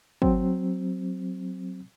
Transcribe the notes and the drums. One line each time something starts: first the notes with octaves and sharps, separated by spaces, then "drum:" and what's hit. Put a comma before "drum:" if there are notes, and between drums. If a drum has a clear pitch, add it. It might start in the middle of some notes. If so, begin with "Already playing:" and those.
F#3 C4, drum: kick